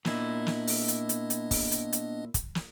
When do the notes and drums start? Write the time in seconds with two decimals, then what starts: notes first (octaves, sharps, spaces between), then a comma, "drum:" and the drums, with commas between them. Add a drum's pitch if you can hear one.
0.05 A#2 B3 D4 E4 D#5, drum: snare
0.47 drum: snare
0.67 drum: open hi-hat
0.88 drum: hi-hat
1.09 drum: hi-hat
1.30 drum: hi-hat
1.51 drum: kick, open hi-hat
1.72 drum: hi-hat
1.93 drum: hi-hat
2.34 drum: kick, hi-hat
2.55 drum: snare